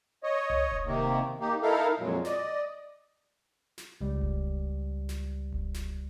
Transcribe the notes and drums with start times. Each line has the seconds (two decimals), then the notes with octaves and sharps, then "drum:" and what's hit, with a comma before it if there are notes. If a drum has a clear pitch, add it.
0.23 C#5 D#5
0.50 drum: tom C2
0.72 drum: kick D#1
0.86 C3 D#3 A#3
1.41 A#3 D#4 G4
1.62 D#4 E4 A4 A#4 F5
1.99 F2 A#2 F#3 G#3
2.25 D5 D#5, drum: snare
3.78 drum: snare
4.01 C#2 G3
4.21 drum: kick D#1
5.09 drum: snare
5.53 drum: kick D#1
5.74 drum: snare